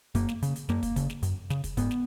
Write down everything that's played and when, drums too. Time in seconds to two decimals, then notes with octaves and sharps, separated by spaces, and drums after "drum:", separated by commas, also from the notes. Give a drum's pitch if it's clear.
0.15 F#2 A#3, drum: kick, hi-hat
0.29 drum: snare
0.42 C#3, drum: hi-hat
0.56 drum: hi-hat
0.69 F#2 A#3, drum: snare
0.83 drum: kick, hi-hat
0.96 C#3, drum: kick, hi-hat
1.10 drum: snare
1.23 F#2, drum: hi-hat
1.50 C#3, drum: snare
1.64 drum: kick, hi-hat
1.77 G#2 B3, drum: kick, hi-hat
1.91 drum: snare